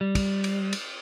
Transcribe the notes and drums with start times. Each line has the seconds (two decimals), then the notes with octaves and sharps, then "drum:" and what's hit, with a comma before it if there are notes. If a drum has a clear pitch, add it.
0.01 G3
0.15 drum: kick, cymbal
0.44 drum: cymbal
0.73 drum: cymbal